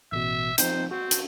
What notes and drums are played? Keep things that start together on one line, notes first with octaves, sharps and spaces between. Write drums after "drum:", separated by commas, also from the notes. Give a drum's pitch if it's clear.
A1 B2 E5
F3 C4 D#4 C5, drum: hi-hat
C4 F#4
drum: hi-hat